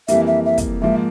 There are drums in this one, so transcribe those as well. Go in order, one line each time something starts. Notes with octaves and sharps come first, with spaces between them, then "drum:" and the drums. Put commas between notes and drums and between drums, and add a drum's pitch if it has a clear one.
F2 E3 G3 A#3 E5, drum: hi-hat
E5
E5
drum: kick, hi-hat
G#2 F3 A#3 E5